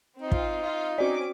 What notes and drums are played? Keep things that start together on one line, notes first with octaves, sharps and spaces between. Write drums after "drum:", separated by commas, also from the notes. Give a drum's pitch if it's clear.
C4 D#4 F4
drum: kick
F4
C4 C#4 F#4 D5 D6